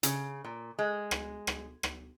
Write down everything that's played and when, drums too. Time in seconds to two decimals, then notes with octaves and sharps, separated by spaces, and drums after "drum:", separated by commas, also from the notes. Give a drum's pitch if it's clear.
0.03 C#3, drum: hi-hat
0.44 A#2
0.79 G#3
1.11 drum: rim click
1.47 drum: rim click
1.83 drum: rim click